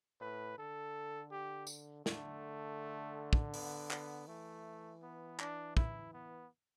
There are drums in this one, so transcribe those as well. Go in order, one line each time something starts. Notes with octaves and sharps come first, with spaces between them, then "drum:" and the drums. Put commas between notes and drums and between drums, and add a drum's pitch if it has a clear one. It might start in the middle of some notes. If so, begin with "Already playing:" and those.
A2 B4
D3 A4
G4
drum: tambourine
D3 A3, drum: snare
drum: kick
B3, drum: open hi-hat
B3, drum: clap
E3 A3
B3
D4, drum: clap
E4, drum: kick
B3